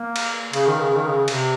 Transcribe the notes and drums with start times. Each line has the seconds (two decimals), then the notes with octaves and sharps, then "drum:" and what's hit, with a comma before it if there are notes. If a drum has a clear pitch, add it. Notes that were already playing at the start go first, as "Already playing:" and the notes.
Already playing: A#3
0.16 drum: cymbal
0.53 C#3, drum: cymbal
0.67 D#3
0.81 C#3
0.95 D#3
1.08 C#3
1.28 C3, drum: cymbal